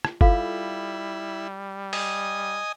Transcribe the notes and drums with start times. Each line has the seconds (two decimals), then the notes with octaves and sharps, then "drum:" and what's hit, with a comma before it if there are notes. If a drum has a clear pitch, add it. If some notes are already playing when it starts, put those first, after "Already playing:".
0.05 drum: rim click
0.21 G3 E4 F4 A4 F5, drum: kick F#1
1.93 D#5 G#5 D#6, drum: open hi-hat